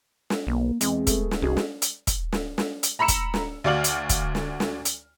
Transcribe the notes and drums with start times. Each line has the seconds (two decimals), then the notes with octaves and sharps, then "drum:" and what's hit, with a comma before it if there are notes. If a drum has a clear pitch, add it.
0.30 drum: snare
0.47 B1 A#3
0.81 E2 G#3 C4, drum: hi-hat
1.07 A3 B3 G#4, drum: kick, hi-hat
1.31 drum: snare
1.42 C2 C#4 D#4 F#4 G#4
1.57 drum: snare
1.82 drum: hi-hat
2.07 drum: kick, hi-hat
2.32 drum: snare
2.58 drum: snare
2.83 drum: hi-hat
2.99 A#5 B5 E6 C#7 E7
3.08 drum: kick, hi-hat
3.34 drum: snare
3.64 D2 F#4 D5 F5 F6 F#7
3.84 drum: hi-hat
4.09 drum: kick, hi-hat
4.35 drum: snare
4.60 drum: snare
4.85 drum: hi-hat